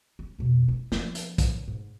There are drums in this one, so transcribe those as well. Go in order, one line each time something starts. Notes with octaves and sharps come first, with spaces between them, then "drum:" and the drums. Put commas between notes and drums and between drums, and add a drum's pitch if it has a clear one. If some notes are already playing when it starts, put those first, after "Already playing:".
C#4
F2 B2
E4
F3 B3, drum: snare
drum: hi-hat
drum: kick, hi-hat
G#2